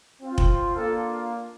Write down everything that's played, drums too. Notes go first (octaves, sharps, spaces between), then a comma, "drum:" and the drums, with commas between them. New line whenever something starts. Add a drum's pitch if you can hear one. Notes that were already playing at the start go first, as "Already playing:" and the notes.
C4 F4
drum: kick F1
A#3 D4 F4 A4